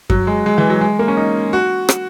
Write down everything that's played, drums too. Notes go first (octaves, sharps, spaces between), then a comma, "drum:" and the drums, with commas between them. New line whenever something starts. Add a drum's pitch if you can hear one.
F#3, drum: kick F#2
G#3
G#3
E3
F#3
G#3
A#3
C#4
D#4
F#4
drum: rim click